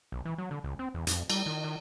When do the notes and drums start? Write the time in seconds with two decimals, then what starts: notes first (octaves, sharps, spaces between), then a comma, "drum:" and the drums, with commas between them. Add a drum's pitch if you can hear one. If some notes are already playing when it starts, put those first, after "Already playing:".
0.12 B1
0.25 E3
0.38 F#3
0.51 D3
0.64 C#2
0.79 C4
0.94 E2
1.07 F2, drum: hi-hat
1.30 G3, drum: cymbal
1.46 D#3
1.64 D#3